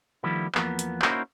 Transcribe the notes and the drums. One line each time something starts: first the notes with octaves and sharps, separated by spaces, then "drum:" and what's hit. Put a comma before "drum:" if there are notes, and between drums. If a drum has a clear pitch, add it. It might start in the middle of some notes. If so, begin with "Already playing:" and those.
D#3 F3 G3 A3 B3 E4
E2 F3 A#3 B3, drum: clap
drum: hi-hat
A#3 C#4 D#4 E4 F#4 C5, drum: clap